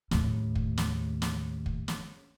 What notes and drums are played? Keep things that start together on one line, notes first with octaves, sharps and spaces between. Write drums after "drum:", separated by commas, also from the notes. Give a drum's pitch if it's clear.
D#2 A2, drum: snare
drum: kick
drum: snare
drum: snare
drum: kick
drum: snare